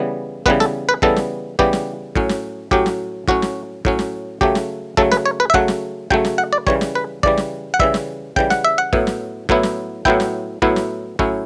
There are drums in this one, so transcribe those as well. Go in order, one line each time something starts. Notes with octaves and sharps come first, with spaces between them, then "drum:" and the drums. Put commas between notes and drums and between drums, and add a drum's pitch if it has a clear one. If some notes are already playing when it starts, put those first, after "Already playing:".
Already playing: C#3 E3 G3 B3
C#3 E3 G3 B3 B4, drum: kick
A4, drum: snare
B4
C#3 E3 G3 B3 A4, drum: kick
drum: snare
C#3 E3 G3 B3 G4, drum: kick
drum: snare
A2 F#3 C#4, drum: kick
drum: snare
A2 F#3 C#4 G4, drum: kick
drum: snare
A2 F#3 C#4 F#4, drum: kick
drum: snare
A2 F#3 C#4, drum: kick
drum: snare
C#3 F#3 A3 G4, drum: kick
drum: snare
C#3 F#3 A3 A4, drum: kick
B4, drum: snare
C#5
B4
E5
C#3 F#3 A3 F#5, drum: kick
drum: snare
C#3 F#3 A3 G5, drum: kick
drum: snare
F#5
D5
C#3 E3 G3 C#5, drum: kick
drum: snare
B4
C#3 E3 G3 D5, drum: kick
drum: snare
F#5
C#3 E3 G3 E5, drum: kick
drum: snare
C#3 E3 G3 G5, drum: kick
F#5, drum: snare
E5
F#5
A2 F#3 B3 E4, drum: kick
drum: snare
A2 F#3 B3 E4, drum: kick
drum: snare
A2 F#3 B3 E4 G5, drum: kick
drum: snare
A2 F#3 B3 E4, drum: kick
drum: snare
A2 F#3 C#4 E4, drum: kick